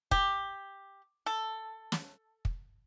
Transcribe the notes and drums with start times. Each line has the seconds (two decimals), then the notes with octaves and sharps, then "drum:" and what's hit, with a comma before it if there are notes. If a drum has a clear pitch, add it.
0.11 G4, drum: kick
1.26 A4
1.92 drum: snare
2.45 drum: kick